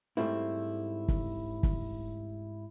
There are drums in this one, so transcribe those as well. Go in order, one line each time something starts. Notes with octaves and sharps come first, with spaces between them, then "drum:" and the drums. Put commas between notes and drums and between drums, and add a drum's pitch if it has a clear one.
G#2 G3 A3 C4 E4
drum: kick
drum: kick